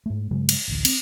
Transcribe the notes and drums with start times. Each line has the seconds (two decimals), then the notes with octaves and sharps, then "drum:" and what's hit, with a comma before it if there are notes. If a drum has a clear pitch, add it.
0.06 G#2 A3
0.31 G2 C#3 F#3 G#3
0.49 drum: cymbal
0.68 A1 D2
0.85 C4, drum: cymbal